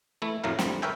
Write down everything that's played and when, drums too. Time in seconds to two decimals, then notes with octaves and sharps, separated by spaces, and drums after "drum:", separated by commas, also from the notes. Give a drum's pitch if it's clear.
0.22 E3 A3 E4
0.44 F2 A2 F#3 A3 A#4 F5
0.59 F2 D3 G3 C4, drum: snare
0.82 A#4 B4 C#5 E5 G5 G#5